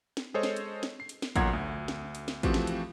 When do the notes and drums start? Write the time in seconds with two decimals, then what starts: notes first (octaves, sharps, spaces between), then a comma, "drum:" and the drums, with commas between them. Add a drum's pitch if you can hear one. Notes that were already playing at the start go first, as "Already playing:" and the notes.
0.17 drum: snare
0.34 G#3 G#4 A4 C5 C#5 D#5
0.43 drum: snare
0.56 drum: hi-hat
0.83 drum: snare
1.00 C7
1.09 drum: hi-hat
1.22 drum: snare
1.36 B1 A#2 F#5 A#5 G#6, drum: kick, hi-hat
1.53 D2
1.88 drum: snare
2.15 drum: hi-hat
2.28 drum: snare
2.43 E3 F3 A3 C4 F#4 G4, drum: kick, hi-hat
2.54 drum: snare
2.67 drum: hi-hat